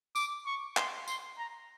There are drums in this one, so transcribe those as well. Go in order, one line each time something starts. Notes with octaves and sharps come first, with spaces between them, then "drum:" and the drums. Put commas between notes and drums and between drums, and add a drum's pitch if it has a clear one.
D6, drum: tambourine
C#6
C6, drum: clap
C6, drum: tambourine
A#5